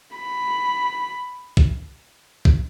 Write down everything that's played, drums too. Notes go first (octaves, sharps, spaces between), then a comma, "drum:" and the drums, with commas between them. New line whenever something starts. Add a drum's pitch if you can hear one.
B5
drum: kick B1
drum: kick B1